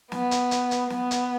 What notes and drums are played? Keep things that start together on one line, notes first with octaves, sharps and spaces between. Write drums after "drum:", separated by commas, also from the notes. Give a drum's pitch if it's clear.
B3, drum: snare
drum: hi-hat
drum: hi-hat
drum: hi-hat
B3, drum: snare
drum: hi-hat